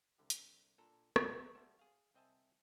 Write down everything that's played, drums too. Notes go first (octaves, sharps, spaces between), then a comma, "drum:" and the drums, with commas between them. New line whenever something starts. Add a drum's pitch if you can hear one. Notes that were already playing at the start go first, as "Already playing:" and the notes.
C2 D3 G4
drum: hi-hat
A#2 D4 A4 A#5
A2 G#3, drum: rim click
G3 F#4 A4 C5 E5
G#4 F5
C2 C4 D#5 E5 G#5 A5